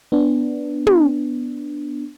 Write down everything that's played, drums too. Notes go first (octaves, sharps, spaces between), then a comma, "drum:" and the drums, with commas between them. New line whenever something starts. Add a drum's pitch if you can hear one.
B3 D4
drum: tom